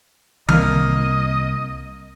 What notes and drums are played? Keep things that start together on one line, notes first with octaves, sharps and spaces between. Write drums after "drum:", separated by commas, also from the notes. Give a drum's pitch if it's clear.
C2 A#3 D#5 F6, drum: tom D#3